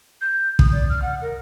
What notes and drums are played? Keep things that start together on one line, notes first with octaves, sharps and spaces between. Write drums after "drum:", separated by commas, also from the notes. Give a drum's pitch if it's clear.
G6
D#6, drum: kick
D5
F6
F#5
A#4